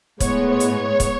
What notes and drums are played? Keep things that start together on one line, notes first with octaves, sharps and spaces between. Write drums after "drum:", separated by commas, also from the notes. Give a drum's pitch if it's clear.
A2 G#3 B3 C#5, drum: kick, hi-hat
C#5
drum: hi-hat
drum: kick, hi-hat